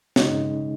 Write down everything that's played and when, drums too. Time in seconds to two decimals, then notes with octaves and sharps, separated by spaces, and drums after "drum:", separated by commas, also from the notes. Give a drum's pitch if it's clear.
0.16 C#3 G#3 D#4, drum: snare